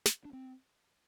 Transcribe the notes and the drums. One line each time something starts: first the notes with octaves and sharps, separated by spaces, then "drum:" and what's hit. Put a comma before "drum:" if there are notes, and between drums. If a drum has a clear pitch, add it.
drum: snare
D4
C4